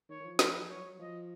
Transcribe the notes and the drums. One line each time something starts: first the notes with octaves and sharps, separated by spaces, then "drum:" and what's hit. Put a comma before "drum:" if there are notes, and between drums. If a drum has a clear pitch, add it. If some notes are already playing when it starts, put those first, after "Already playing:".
D#3 C#5
D#3
F3
B4, drum: snare
F3
F#3 C#5
F#3
F3 D#5